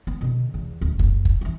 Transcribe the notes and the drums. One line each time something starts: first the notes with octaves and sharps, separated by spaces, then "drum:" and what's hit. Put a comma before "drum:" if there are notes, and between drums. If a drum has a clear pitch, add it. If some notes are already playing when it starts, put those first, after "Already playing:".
B3
B2 D3
E2
D1
F#1, drum: kick
drum: kick
E3 F3